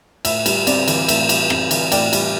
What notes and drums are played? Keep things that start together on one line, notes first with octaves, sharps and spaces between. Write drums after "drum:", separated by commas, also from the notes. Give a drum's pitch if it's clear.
A2 E5, drum: cymbal
G3, drum: cymbal
C4 D5, drum: cymbal
E3, drum: cymbal
A2 E5, drum: cymbal
G3, drum: cymbal
C4, drum: rim click
E3, drum: cymbal
A2 D5 G5, drum: cymbal
G3, drum: cymbal